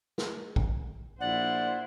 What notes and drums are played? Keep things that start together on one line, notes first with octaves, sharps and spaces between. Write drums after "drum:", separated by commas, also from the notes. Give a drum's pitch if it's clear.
drum: snare
drum: kick A#1
A#1 E4 C5 D5 F#5